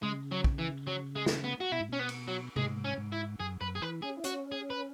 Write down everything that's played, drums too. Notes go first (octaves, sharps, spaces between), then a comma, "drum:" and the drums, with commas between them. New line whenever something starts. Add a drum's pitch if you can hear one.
C#3 G#3
F#3
drum: kick
E3
F#3
G#3
drum: snare
B3
F#4
B2 E4
G#2
B2 C#4
B3
drum: cymbal
F#3
G#2 G#3, drum: tom C3
C#4
G#2
E4
F#2 G#4
F#2 B4
G#4
E3 B4
C#4 G#4
E4
C#4 F#4, drum: hi-hat
G#4
B4